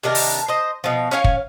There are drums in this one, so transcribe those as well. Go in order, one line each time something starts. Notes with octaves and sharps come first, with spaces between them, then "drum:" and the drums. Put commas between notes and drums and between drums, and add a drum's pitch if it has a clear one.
C3 D#3 D4 A#4
drum: open hi-hat
C5 D#5
B2 F3
C#4 C#5 F5 G#5
drum: kick